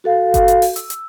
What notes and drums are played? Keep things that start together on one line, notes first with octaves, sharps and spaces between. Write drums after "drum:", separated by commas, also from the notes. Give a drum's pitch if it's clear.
F#4 A4 F5
drum: kick F#1, hi-hat
drum: hi-hat
drum: open hi-hat
E6, drum: hi-hat
drum: hi-hat